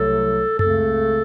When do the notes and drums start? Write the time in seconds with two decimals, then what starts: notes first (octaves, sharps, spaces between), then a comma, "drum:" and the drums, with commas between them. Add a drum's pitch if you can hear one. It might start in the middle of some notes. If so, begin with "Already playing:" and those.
Already playing: C2 C3 F#3 A3 A4
0.59 C#2 C#3 A3 C4 A4, drum: tom F#2